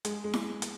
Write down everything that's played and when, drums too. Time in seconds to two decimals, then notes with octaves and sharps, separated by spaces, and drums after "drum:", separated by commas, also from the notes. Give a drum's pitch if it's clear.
0.05 G#3, drum: hi-hat
0.24 G#3
0.34 drum: snare E4
0.62 drum: hi-hat